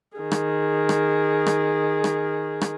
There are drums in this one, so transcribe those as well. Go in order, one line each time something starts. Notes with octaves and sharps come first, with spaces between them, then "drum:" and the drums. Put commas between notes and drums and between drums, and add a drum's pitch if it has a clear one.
D#3 G#4
drum: rim click
drum: rim click
drum: rim click
drum: rim click
drum: rim click